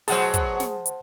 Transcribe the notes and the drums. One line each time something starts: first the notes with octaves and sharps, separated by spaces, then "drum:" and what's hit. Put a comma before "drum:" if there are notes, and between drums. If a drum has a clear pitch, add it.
B2 F#3 G#4 C5 F#5 A5, drum: open hi-hat
drum: kick, hi-hat
drum: snare
drum: hi-hat